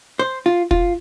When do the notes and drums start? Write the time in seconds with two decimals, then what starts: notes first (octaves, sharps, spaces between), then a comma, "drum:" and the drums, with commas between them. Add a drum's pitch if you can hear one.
0.19 C5
0.46 F4
0.71 F4, drum: kick